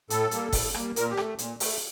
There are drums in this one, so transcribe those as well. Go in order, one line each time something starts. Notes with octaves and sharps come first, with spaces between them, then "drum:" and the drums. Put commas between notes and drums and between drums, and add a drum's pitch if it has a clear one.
A2 A4, drum: hi-hat
G3 A#3, drum: hi-hat
A2, drum: kick F#1, open hi-hat
G3 A#3, drum: rim click
A#2 A#4, drum: hi-hat
G4
A3, drum: rim click
A#2, drum: hi-hat
A3, drum: open hi-hat